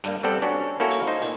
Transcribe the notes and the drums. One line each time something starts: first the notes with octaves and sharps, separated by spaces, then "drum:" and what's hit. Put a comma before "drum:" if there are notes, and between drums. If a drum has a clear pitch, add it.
G2 G3 A#3, drum: snare
G3 B3 C4 A4 D5
C#4 D4 F#4
A#3 C#4 E4 F#4 A4 A#4
drum: open hi-hat
D#4 C5
A#2, drum: open hi-hat